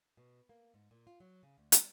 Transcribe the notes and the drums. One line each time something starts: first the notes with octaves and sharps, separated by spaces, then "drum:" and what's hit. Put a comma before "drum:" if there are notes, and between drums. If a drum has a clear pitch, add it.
B2
A#3
G#2
A#2
F4
F#3
C#3
D2
G3, drum: hi-hat